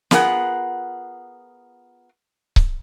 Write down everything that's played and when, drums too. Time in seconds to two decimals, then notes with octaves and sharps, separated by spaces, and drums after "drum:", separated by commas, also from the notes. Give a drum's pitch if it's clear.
0.11 B3 F4 G#4 A#4 E5 F#5, drum: snare
2.56 drum: kick C#1